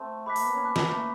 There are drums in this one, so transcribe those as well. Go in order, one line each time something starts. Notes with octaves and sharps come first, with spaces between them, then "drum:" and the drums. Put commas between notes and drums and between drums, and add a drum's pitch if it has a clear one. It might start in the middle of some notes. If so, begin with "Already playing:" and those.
Already playing: A3 C4
A3 B5 D6 F#6 B6
A#3, drum: open hi-hat
B3
C#4
A5 D6 F#6
A#3, drum: snare
A3